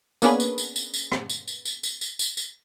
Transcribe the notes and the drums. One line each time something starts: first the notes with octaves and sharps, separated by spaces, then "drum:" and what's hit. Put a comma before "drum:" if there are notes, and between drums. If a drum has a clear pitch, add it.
A#3 B3 C#4 D4 G#4 B4, drum: tambourine
drum: tambourine
drum: tambourine
drum: tambourine
drum: tambourine
drum: rim click
drum: tambourine
drum: tambourine
drum: tambourine
drum: tambourine
drum: tambourine
drum: tambourine
drum: tambourine